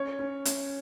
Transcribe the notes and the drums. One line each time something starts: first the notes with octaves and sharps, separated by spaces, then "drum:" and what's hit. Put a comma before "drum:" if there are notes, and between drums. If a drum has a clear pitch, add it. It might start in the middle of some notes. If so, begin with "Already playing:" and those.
Already playing: C#4 C#5
C#4
C#4, drum: hi-hat